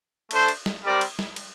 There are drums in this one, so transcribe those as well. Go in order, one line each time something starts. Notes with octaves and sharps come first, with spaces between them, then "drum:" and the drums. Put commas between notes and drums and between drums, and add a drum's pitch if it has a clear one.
A3 D4 A4 C5, drum: cymbal
drum: cymbal
drum: snare
G3 C4 G4 A#4 D5
drum: cymbal
drum: snare
drum: cymbal